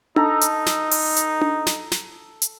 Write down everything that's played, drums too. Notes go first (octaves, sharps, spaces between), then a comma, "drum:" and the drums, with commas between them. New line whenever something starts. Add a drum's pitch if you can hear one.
D#4 A4 A#5, drum: tom D4
drum: hi-hat
drum: snare
drum: open hi-hat
drum: hi-hat
drum: tom D4
drum: snare
drum: snare
drum: hi-hat